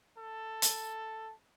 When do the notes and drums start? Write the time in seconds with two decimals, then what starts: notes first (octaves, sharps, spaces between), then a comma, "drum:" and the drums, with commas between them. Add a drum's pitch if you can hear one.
0.18 A4
0.62 drum: hi-hat